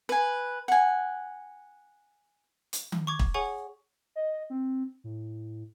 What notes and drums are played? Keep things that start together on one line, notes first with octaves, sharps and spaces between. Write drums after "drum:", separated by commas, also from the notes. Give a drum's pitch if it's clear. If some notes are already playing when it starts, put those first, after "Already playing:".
B4 G#5
F#5 G#5
drum: hi-hat
drum: tom D#3
C#6 D6 G#6
drum: kick
G#4 C#5 F#5 G#5 C#6
D#5
C4
A2